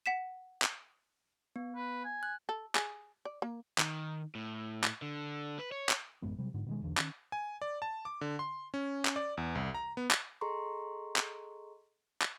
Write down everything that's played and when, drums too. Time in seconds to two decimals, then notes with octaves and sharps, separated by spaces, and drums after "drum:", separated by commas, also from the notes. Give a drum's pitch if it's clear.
0.06 F#5 B6 E7
0.62 drum: clap
1.56 B3
1.75 B4
2.05 G#5
2.23 F#6
2.49 A4
2.75 G#4, drum: clap
3.25 D5
3.42 A#3
3.78 D#3, drum: clap
4.35 A2
4.84 drum: clap
5.02 D3
5.59 B4
5.72 C#5
5.89 drum: clap
6.22 A1 F#2 G#3 B3
6.38 C3 F#3 G3
6.54 G#2 D3
6.66 B2 D#3 G#3
6.82 E1 B1 E2 D3
6.97 D#3 C#4, drum: clap
7.32 G#5
7.62 D5
7.82 A5
8.05 D6
8.21 D3
8.39 C6
8.74 C#4
9.05 drum: clap
9.16 D5
9.37 E2
9.55 C2
9.75 A#5
9.97 B3
10.11 drum: clap
10.41 G#4 A4 D#5 A#5 C6 C#6
11.16 drum: clap
12.22 drum: clap